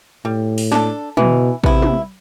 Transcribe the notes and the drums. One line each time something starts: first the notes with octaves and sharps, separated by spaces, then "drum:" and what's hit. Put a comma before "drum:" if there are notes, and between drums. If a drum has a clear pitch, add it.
A2 G3
drum: open hi-hat
D4 A4, drum: snare
B2 E3, drum: tom
C3 B3 E4, drum: kick A1
drum: tom